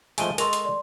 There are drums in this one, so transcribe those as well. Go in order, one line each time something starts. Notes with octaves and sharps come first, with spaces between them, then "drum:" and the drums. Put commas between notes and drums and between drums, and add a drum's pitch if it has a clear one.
F3 G#3 A3 G#5 D7 D#7 G7, drum: hi-hat
G#3 A4 A#4 D#5 C6 C#6 F7, drum: hi-hat
drum: hi-hat
D5 C6